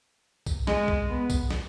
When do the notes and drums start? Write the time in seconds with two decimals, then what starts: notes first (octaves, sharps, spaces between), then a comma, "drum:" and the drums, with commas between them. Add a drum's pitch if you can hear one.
0.46 drum: kick B1, tambourine
0.67 G#3, drum: snare
0.88 drum: kick B1
1.09 B3
1.30 drum: kick B1, tambourine
1.51 drum: snare